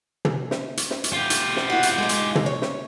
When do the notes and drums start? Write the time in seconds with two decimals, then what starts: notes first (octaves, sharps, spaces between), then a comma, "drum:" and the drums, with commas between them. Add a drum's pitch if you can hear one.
0.25 drum: tom
0.51 drum: snare
0.77 drum: hi-hat
0.91 drum: snare
1.04 drum: hi-hat
1.13 F4 G4
1.30 drum: hi-hat
1.56 drum: snare
1.70 E4 F#4
1.83 drum: hi-hat
1.98 G#3 D#4
2.09 drum: hi-hat
2.35 drum: tom
2.46 C#5
2.62 drum: snare